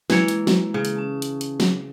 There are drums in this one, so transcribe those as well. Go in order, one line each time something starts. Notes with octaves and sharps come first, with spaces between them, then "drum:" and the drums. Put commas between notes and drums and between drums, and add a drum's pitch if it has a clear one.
E3 G#3 A#3 E4 C#5, drum: snare
drum: hi-hat
drum: snare
C#3
drum: hi-hat
C#4 A5
drum: hi-hat
drum: hi-hat
drum: snare